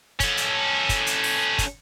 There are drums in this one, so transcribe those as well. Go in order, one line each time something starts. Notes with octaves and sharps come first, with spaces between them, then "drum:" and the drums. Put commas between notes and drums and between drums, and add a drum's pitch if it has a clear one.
C#4 A4, drum: kick, hi-hat
drum: hi-hat
drum: kick, hi-hat
drum: hi-hat
drum: open hi-hat
drum: kick, hi-hat